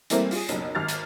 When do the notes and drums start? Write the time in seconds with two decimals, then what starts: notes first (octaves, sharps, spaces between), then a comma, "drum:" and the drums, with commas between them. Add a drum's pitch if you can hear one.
0.10 E3 G3 A3 A#3 C4, drum: hi-hat
0.31 F4 G#4, drum: open hi-hat
0.49 F#1 B1, drum: hi-hat
0.75 G#1 F6 A6
0.88 drum: hi-hat